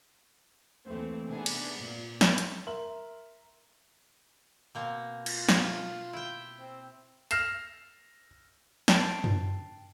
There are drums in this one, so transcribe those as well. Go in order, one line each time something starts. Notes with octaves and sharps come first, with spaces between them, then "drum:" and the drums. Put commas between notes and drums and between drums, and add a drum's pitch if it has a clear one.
D#2 E3 A3 C4
C3 B3 D4 D#4 G#4 B4
drum: cymbal
A#2
drum: snare
drum: hi-hat
A#4 E5 C6 F#7
B2 A#3 C4
F4, drum: cymbal
drum: snare
E4 G5
C4
F6 A#6 C7 E7, drum: hi-hat
G5 A5 A6 C7 D7, drum: snare
drum: tom F#2